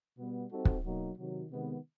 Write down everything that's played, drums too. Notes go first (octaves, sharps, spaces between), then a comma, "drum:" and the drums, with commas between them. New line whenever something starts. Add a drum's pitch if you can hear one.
B2 G3 B3
G3 C4 D#4 F#4 A4
drum: kick
B2 F#3 A#3 D#4 F#4
C3 D#3 F#3
C3 D#3 G#3 B3